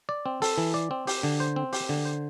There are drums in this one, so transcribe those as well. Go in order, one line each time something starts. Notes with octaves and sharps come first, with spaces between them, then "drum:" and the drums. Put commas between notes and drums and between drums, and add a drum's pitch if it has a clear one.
D5
C4
A4, drum: open hi-hat
E3
D5
C4
G4, drum: open hi-hat
D3
C5
C4
G4, drum: open hi-hat
D3
C5